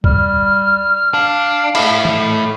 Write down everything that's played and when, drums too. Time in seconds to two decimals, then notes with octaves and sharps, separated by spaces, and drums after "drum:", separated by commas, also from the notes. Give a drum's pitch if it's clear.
0.04 G3 F6, drum: kick C#2
1.14 D4 F5
1.75 A3 E4, drum: cymbal
2.05 drum: tom